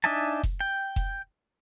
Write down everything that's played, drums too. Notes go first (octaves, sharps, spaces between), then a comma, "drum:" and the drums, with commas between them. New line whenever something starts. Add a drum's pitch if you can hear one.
D4 D#4 E5 G#5 A5
drum: kick F1
G5
drum: kick F1